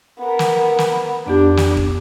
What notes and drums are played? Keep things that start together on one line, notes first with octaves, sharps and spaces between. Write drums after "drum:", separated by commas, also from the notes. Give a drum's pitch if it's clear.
B3 A#4
drum: snare
drum: snare
F2 B3 D4 G4
drum: snare
drum: kick